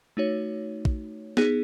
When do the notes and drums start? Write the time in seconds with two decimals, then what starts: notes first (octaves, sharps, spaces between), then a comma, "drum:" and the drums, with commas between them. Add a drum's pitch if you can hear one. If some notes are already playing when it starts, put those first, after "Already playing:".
0.17 A3 D#4 F#4 C#5
0.85 drum: kick
1.37 B3 D#4 G#4, drum: snare